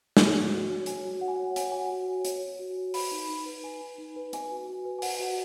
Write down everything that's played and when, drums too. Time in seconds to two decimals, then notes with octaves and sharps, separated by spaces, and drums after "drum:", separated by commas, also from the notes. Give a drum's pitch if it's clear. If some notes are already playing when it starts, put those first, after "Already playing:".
0.17 C#5 G#5, drum: snare
0.35 F#4
0.52 F#4
0.69 C#5
0.86 C#5 G#5, drum: hi-hat
1.04 F#4
1.21 F#4 F#5
1.28 G#5
1.36 F#5
1.39 C#5
1.56 C#5 G#5, drum: hi-hat
1.63 F#5
1.72 F#4 G#5
1.90 F#4
2.08 C#5
2.25 C#5, drum: hi-hat
2.43 F#4
2.59 F#4
2.77 C#5
2.94 B4 B5, drum: open hi-hat
3.11 D#4
3.30 D#4
3.46 B4
3.64 B4 G#5
3.81 D#4
3.98 D#4
4.16 B4
4.33 B4 G#5, drum: hi-hat
4.51 F#4
4.68 F#4
4.85 B4
4.99 G#5
5.02 B4 F#5, drum: open hi-hat
5.19 F#4